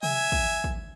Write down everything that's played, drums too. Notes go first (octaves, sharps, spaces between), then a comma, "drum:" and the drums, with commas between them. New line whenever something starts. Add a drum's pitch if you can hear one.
E5 G#5, drum: tom C3
drum: kick
drum: kick